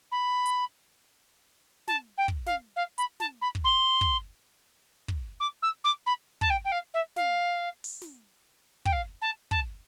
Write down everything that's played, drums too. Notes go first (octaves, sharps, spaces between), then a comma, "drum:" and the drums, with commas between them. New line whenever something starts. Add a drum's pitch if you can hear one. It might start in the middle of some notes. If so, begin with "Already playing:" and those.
B5
drum: hi-hat
A5, drum: snare
G5
drum: kick
F5, drum: snare
F5
B5, drum: hi-hat
A5, drum: snare
B5
drum: kick
C6
drum: kick
drum: kick
D6
E6
D6
B5
A5, drum: kick
G5
G5
F5
E5
F5, drum: snare
drum: open hi-hat
drum: snare
G5, drum: kick
F5
A5
A5, drum: kick